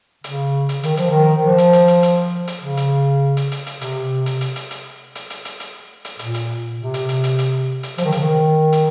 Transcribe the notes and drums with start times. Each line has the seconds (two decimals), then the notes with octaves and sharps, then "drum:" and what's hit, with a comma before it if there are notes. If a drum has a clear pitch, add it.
0.24 C#3, drum: hi-hat
0.69 drum: hi-hat
0.83 D#3, drum: hi-hat
0.97 F3, drum: hi-hat
1.10 D#3
1.44 F3
1.58 drum: hi-hat
1.73 drum: hi-hat
1.88 drum: hi-hat
2.03 drum: hi-hat
2.48 drum: hi-hat
2.62 C#3
2.77 drum: hi-hat
3.37 drum: hi-hat
3.52 drum: hi-hat
3.67 drum: hi-hat
3.81 C3, drum: hi-hat
4.26 drum: hi-hat
4.41 drum: hi-hat
4.56 drum: hi-hat
4.71 drum: hi-hat
5.15 drum: hi-hat
5.30 drum: hi-hat
5.45 drum: hi-hat
5.60 drum: hi-hat
6.05 drum: hi-hat
6.19 A#2, drum: hi-hat
6.34 drum: hi-hat
6.79 C3
6.94 drum: hi-hat
7.09 drum: hi-hat
7.24 drum: hi-hat
7.39 drum: hi-hat
7.83 drum: hi-hat
7.98 F3, drum: hi-hat
8.05 D#3
8.12 C#3, drum: hi-hat
8.19 D#3
8.72 drum: hi-hat